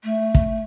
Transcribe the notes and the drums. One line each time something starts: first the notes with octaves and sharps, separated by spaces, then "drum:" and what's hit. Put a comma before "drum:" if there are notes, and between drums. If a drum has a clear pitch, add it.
A3
drum: kick